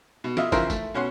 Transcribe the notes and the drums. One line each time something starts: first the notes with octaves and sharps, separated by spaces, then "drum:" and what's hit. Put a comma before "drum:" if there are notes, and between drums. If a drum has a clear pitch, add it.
B2
E4 F4 D#5 E5, drum: snare
C#3 E3 F3 E4 A#4 C5, drum: kick, tambourine
A3, drum: kick, tambourine
B2 C#4 F#5 C6